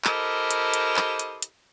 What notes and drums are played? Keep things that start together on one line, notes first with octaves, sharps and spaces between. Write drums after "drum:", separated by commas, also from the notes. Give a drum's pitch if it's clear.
E4 G4 A4 A#4 C5 D#5, drum: clap
drum: hi-hat
drum: hi-hat
drum: clap
drum: hi-hat
drum: hi-hat